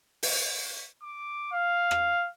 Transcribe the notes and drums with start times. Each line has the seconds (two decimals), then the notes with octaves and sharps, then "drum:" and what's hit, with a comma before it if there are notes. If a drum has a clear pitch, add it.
0.23 drum: open hi-hat
1.03 D6
1.53 F5
1.91 drum: rim click